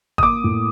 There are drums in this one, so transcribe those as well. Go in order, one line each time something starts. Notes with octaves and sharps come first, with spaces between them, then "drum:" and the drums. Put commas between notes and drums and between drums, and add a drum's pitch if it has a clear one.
D#6, drum: kick G#1
A#3 D6
A2